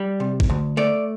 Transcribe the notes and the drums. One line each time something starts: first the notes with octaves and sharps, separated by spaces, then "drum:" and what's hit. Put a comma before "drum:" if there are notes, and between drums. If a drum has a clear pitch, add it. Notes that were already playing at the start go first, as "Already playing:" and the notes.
Already playing: G3
C3
drum: kick A1
D2
A3 D5